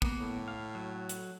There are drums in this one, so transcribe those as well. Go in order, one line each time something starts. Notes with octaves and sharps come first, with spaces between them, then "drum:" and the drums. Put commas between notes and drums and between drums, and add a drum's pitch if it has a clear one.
A#3 B3, drum: kick
A2
F5
F#3
drum: hi-hat